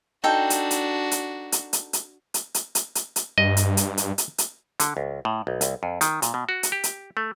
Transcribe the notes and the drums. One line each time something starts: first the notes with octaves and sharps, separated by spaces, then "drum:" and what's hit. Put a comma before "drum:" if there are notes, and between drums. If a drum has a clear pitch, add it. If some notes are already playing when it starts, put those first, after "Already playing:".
D4 D#4 F#4 A4 G5
drum: hi-hat
drum: hi-hat
drum: hi-hat
drum: hi-hat
drum: hi-hat
drum: hi-hat
drum: hi-hat
drum: hi-hat
drum: hi-hat
drum: hi-hat
drum: hi-hat
G2 D#5
drum: hi-hat
drum: hi-hat
drum: hi-hat
drum: hi-hat
drum: hi-hat
D3, drum: hi-hat
C#2
A2
B1
C2, drum: hi-hat
F2
D#3, drum: hi-hat
A#2, drum: hi-hat
B2
F#4
drum: hi-hat
G4
drum: hi-hat
A3